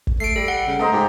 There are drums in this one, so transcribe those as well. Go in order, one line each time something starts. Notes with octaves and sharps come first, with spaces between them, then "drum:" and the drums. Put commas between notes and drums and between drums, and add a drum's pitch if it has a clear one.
drum: kick
A3 C7 D7
G3 A4
F#5
C#3
A3 C5 D#5 A#5
G#2 G4